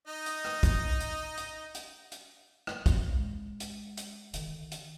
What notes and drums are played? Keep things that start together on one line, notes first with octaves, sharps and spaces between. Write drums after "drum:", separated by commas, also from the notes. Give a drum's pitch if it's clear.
D#4 D#5
drum: hi-hat
drum: rim click
drum: kick, hi-hat
drum: hi-hat
drum: hi-hat
drum: hi-hat
drum: hi-hat
drum: rim click
drum: kick, hi-hat
G#3
drum: hi-hat
drum: hi-hat
D3 D#3, drum: hi-hat
drum: hi-hat